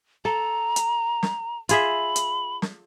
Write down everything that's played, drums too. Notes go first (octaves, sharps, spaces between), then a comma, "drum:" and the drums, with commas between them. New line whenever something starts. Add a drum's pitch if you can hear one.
A4 A#5
drum: hi-hat
drum: snare
F4 G#4 E5 B5, drum: hi-hat
drum: hi-hat
drum: snare